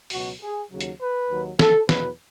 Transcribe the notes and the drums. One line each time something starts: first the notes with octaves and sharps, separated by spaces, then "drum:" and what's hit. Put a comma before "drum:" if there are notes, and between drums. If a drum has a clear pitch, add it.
C#2 B2 F#3 F#4, drum: open hi-hat
G#4
D#2 C#3 F#3
drum: hi-hat
B4
D#2 D#3 F#3
A4, drum: snare
E2 B2 F#3 B4, drum: snare